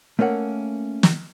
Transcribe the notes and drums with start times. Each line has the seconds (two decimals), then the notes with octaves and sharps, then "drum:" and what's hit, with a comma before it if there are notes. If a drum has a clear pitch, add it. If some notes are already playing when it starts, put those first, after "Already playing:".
0.19 A3 A#3 C#4 A#4 F#5
1.03 drum: snare